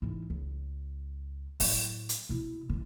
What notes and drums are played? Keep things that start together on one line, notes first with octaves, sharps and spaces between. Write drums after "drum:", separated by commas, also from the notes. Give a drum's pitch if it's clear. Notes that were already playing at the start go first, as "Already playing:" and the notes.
G#2 E3
C#2
A2 F#3, drum: open hi-hat
drum: hi-hat
B2 E4
D3 E4